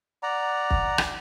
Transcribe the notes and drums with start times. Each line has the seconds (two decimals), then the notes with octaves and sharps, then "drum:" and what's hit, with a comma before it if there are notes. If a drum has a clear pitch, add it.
0.23 D5 F#5 A#5
0.71 drum: kick
0.98 drum: rim click